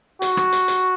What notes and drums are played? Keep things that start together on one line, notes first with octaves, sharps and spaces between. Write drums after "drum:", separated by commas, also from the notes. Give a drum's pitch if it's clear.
F#4, drum: hi-hat
drum: rim click
drum: hi-hat
drum: hi-hat